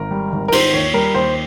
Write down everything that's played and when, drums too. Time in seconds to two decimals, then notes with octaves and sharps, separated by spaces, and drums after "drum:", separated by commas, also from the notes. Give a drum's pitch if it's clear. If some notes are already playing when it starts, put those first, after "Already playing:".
Already playing: G#1 A#4
0.11 G3
0.32 G#1
0.48 A#4
0.52 D#3 C5, drum: cymbal
0.74 D#2 C#5
0.94 G3 A#4
1.14 D#2 C5